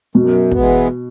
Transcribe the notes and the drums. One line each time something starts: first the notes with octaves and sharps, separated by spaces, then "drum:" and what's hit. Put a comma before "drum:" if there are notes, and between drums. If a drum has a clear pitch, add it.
F#2 B2
E3 G#3 B3, drum: kick